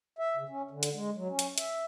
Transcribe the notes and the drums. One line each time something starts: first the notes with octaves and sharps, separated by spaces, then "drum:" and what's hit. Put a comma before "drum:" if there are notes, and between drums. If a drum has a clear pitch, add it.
E5
C#3
C#4
D3
drum: hi-hat
G#3
F#3
C#4
drum: hi-hat
E5, drum: hi-hat